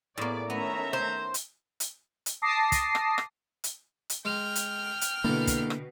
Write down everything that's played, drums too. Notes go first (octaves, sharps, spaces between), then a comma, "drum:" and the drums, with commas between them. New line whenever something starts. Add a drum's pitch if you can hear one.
A2 A#3 B3 G#4 D5
D#3 A3 B3 C#4 E5 A#5
C5
drum: hi-hat
drum: hi-hat
drum: hi-hat
A5 D6 D#6 A#6 C7
drum: kick, hi-hat
drum: rim click
drum: rim click
drum: hi-hat
drum: hi-hat
G#3 G5 F6
drum: hi-hat
drum: hi-hat
B2 D3 A#3 E4 A4
drum: kick, hi-hat
drum: rim click